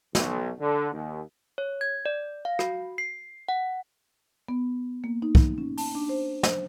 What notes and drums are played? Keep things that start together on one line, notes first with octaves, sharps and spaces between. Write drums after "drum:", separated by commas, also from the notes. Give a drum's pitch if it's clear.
B1, drum: snare
D3
D#2
C#5
G#6
D5
F5
F#4, drum: rim click
C7
F#5
B3
A#3
D#4
drum: kick
C#4
A5, drum: open hi-hat
D4
C5
C5, drum: snare